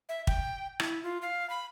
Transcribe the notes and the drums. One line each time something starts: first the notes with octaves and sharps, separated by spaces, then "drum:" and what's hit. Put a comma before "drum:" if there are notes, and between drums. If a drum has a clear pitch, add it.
E5
G5, drum: kick
E4, drum: rim click
F4
F5
B5